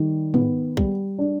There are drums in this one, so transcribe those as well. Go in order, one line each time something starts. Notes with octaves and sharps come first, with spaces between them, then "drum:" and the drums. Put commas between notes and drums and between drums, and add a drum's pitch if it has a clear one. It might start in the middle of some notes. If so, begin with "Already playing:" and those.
Already playing: D#3 G3
B3, drum: tom G#2
G3, drum: kick
D4